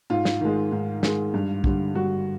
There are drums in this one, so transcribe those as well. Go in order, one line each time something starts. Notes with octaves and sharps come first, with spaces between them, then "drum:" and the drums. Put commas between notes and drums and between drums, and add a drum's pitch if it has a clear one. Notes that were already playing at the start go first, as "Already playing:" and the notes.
G#2 F4
drum: snare
D#3 G#3
G#2
D#3 G#3, drum: snare
G2
D3 G3, drum: kick
G2 F#4